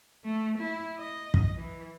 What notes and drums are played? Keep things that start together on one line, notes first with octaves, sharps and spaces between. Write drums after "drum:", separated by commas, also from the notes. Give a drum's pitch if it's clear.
A3
E4
D#5
drum: kick
E3